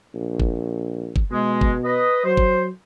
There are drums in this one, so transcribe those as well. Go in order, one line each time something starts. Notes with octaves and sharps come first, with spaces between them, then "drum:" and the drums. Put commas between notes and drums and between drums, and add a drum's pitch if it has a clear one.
A#1
drum: kick
drum: kick
B2 G#3
drum: kick
B4 D#5
F#3 C5
drum: kick